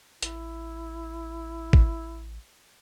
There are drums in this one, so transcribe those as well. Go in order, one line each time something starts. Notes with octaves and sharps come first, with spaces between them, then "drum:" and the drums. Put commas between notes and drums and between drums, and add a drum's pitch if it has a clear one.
A1 E4, drum: hi-hat
drum: kick